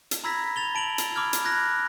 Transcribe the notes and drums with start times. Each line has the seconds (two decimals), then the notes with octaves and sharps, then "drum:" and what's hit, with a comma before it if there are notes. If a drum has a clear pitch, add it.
0.11 drum: hi-hat
0.24 A#5 B5 E6 G#6 A#6 B6
0.56 A6 F7 G7
0.75 A5 D7 F7 F#7
0.98 drum: hi-hat
1.15 B5 D6 E6 F6 G#6
1.33 drum: hi-hat
1.45 F#6 G#6 A#6